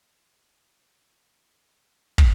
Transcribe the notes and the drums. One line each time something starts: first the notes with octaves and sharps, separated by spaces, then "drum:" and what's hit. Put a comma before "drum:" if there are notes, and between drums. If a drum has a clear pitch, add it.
F#3
C5
D3
C#5
A3
F5
drum: kick